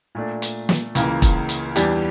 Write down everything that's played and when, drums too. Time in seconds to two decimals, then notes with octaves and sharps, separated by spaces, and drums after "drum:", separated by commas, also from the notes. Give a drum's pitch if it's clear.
0.15 A#2 A3 D4
0.42 drum: hi-hat
0.69 drum: snare
0.95 C#2 C#3 E3 A#3, drum: hi-hat
1.22 drum: kick E1, hi-hat
1.49 drum: hi-hat
1.76 E2 E3 G3 D4 G4, drum: hi-hat